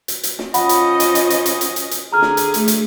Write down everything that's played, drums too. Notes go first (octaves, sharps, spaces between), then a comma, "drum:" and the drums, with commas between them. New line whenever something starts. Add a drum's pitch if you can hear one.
drum: hi-hat
drum: hi-hat
drum: snare
F3 C#4 C5 D#5 F#5 B5, drum: hi-hat
drum: hi-hat
drum: hi-hat
drum: hi-hat
drum: hi-hat
drum: hi-hat
drum: hi-hat
drum: hi-hat
drum: hi-hat
D3 G#4 A#5 F6
drum: snare
drum: hi-hat
A3, drum: hi-hat
drum: hi-hat